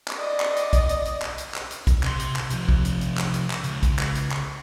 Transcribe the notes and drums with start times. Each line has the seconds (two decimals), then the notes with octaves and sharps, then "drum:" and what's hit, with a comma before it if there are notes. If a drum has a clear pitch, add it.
0.08 drum: clap
0.18 D5 D#5
0.40 drum: clap
0.57 drum: hi-hat
0.73 drum: kick, hi-hat
0.89 drum: hi-hat
1.05 drum: hi-hat
1.22 drum: clap
1.38 drum: hi-hat
1.54 drum: clap
1.71 drum: hi-hat
1.87 drum: kick, hi-hat
2.03 C3 C6, drum: clap
2.20 drum: hi-hat
2.36 drum: clap
2.50 C3 F3, drum: hi-hat
2.69 drum: kick
2.85 drum: hi-hat
3.01 drum: hi-hat
3.17 drum: clap
3.34 drum: hi-hat
3.50 drum: clap
3.64 C#2, drum: hi-hat
3.83 drum: kick, hi-hat
3.99 drum: clap
4.15 drum: hi-hat
4.32 drum: clap